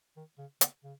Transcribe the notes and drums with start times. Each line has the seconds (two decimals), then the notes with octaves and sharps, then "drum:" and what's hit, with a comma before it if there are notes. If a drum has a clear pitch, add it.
0.17 D#3
0.38 C#3
0.61 C#3, drum: hi-hat
0.84 C#3